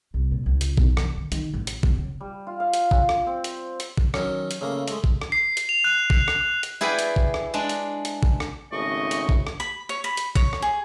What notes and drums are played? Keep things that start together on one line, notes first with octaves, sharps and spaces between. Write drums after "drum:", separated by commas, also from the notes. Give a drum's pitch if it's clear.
C2
A#2
C#2
drum: hi-hat
B1, drum: kick
E3, drum: rim click
D3
D#3, drum: hi-hat
A1
drum: hi-hat
E1, drum: kick
C#3
G3
F4
F5
drum: hi-hat
drum: kick
drum: rim click
C4
drum: hi-hat
drum: hi-hat
drum: kick
D#3 F#3 C#4, drum: rim click
drum: hi-hat
C#3 A3 A#3
G#3 A3, drum: hi-hat
drum: kick
drum: rim click
C7
drum: hi-hat
F7
F#6
drum: kick
drum: rim click
drum: hi-hat
E4 G#4 B4 D5 F#5 G5
drum: hi-hat
drum: kick
drum: rim click
G#3 D4 D5
drum: hi-hat
drum: hi-hat
drum: kick
drum: rim click
G#1 C#3 A3 D#5 C#6
drum: hi-hat
drum: kick
drum: rim click
B5
C#5
B5
drum: hi-hat
C#5, drum: kick
drum: rim click
G#4